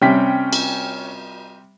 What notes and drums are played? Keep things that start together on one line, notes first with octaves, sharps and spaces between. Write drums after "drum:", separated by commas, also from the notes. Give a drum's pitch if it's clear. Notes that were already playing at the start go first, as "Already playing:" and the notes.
C3 G3 C#4 G5 B6
drum: cymbal